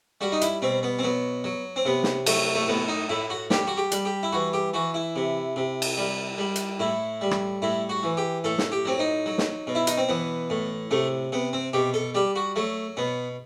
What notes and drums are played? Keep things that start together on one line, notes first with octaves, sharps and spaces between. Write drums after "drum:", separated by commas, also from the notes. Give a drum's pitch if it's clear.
G3 F#4
D#4
E4, drum: hi-hat
B2 C4
B3
C4
F#3 B3
F#3
C4
C3 B3
drum: snare
F#3 A3, drum: cymbal
A3
A2 B3
D#4
A2 E4
F#4
G3 G4, drum: snare
F#4
G4
G3, drum: hi-hat
G4
E4
E3 F#4
G4
E3 F#4
E4
C3
C3
drum: cymbal
G3
G3
drum: hi-hat
A2 E4
G3
drum: rim click
A2 E4
F#4
E3
G4
A2 A4
drum: snare
G4
F#3 C4
D#4
F#3
drum: snare
B2
E4
D#4, drum: hi-hat
C4
E3 B3
A2
C3 A3
C3 B3
C4
B2 G4
A4
G3 G4
F#4
F#3 A3
B2 B3